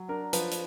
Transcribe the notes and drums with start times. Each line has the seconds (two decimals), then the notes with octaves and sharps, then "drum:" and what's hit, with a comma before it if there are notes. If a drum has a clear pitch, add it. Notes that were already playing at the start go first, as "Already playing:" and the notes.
Already playing: F#3
0.09 D4 A#4
0.33 F3 B4, drum: hi-hat
0.51 drum: hi-hat